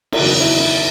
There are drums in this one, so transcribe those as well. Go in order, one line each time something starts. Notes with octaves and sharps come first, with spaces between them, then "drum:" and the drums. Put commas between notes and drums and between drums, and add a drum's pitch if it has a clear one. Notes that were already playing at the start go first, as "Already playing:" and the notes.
E4, drum: cymbal
F#1 E2 D#3 F#3 F#4
E4
E4